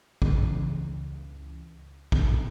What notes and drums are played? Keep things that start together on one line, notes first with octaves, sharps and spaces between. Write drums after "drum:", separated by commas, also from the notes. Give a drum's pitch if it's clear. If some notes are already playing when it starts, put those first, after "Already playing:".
C#2 C#3 E3, drum: kick
drum: kick